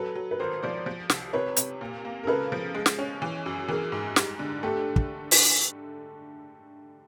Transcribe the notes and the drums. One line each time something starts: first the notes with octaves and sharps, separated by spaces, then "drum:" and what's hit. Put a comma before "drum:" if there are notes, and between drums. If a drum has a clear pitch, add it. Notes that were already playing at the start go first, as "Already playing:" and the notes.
Already playing: F#3 A4 B4
F#3
B4
G#1 A#4 C5
F3 C5 D5
F3
C2, drum: snare
C3 B4 C#5
C3, drum: hi-hat
A#2
A#3
A#4
C#3 A4 B4
F3
G#3
drum: snare
C#4
E3
F#2
E3 G#4 A#4
G#2
G3, drum: snare
D3
A3 G4 A4
drum: kick
drum: open hi-hat